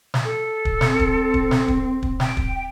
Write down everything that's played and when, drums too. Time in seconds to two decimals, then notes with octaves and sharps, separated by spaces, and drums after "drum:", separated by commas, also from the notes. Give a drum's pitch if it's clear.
0.14 drum: snare
0.24 A4
0.65 drum: kick
0.81 C4, drum: snare
1.00 drum: kick
1.34 drum: kick
1.51 drum: snare
1.68 drum: kick
2.03 drum: kick
2.20 G5, drum: snare
2.37 drum: kick